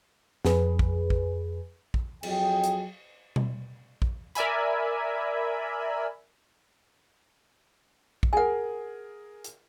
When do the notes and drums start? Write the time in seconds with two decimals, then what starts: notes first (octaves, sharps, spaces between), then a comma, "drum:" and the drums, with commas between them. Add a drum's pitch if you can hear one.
0.45 F2 G#4 B4, drum: snare
0.79 drum: kick A#1
1.10 drum: kick A#1
1.94 drum: kick A#1
2.23 F2 F#3 G#4 D#5 G5, drum: cymbal
2.64 drum: hi-hat
3.36 drum: tom B2
4.02 drum: kick A#1
4.35 A#4 D5 E5 G#5 B5, drum: hi-hat
8.23 drum: kick A#1
8.33 G#4 A#4 F#5 G#5
9.44 drum: hi-hat